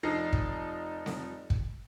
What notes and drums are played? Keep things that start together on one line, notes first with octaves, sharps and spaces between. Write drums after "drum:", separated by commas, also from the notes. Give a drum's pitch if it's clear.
F1 F3 D#4 A#6 C7
drum: kick
drum: snare C4
drum: kick